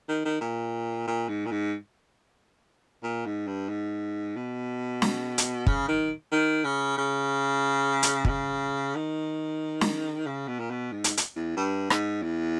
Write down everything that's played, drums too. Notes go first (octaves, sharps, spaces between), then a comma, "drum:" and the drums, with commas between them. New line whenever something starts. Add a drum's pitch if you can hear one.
D#3
D#3
A#2
A#2
G#2
A#2
G#2
A#2
G#2
G2
G#2
B2
drum: snare
drum: hi-hat
C#3, drum: kick
D#3
D#3
C#3
C#3
drum: hi-hat
B2, drum: kick
C#3
D#3
drum: snare
C#3
B2
A#2
B2
G#2
drum: hi-hat
drum: hi-hat
E2
G2
G#2, drum: rim click
E2